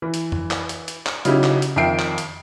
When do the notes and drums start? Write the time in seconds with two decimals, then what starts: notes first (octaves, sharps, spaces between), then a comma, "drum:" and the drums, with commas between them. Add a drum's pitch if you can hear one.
0.02 E3
0.14 drum: hi-hat
0.32 drum: tom F2
0.51 drum: clap
0.69 drum: hi-hat
0.88 drum: hi-hat
1.06 drum: clap
1.25 C#3 F#3 D#4 E4 G4, drum: hi-hat
1.44 drum: clap
1.62 drum: hi-hat
1.76 F2 D#3 E5 G5 C7 D7
1.99 drum: clap
2.18 drum: hi-hat